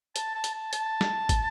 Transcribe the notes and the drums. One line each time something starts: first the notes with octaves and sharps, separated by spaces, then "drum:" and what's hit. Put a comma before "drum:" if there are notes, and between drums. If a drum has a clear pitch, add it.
A5, drum: hi-hat
A5
drum: hi-hat
A5
A5, drum: hi-hat
drum: snare
drum: kick, hi-hat